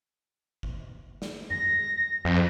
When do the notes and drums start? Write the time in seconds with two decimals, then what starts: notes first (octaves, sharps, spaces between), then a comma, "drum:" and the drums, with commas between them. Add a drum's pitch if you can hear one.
0.63 drum: kick G1
1.22 drum: snare
1.50 A#6, drum: tom F2
2.25 F2